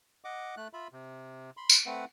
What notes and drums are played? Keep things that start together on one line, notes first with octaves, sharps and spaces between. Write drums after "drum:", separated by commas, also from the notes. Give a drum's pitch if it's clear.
D#5 F#5 D6
A3 F#6
F4 E5 B5
C3
B5 C6
drum: tambourine
A3 C4 B4 F#5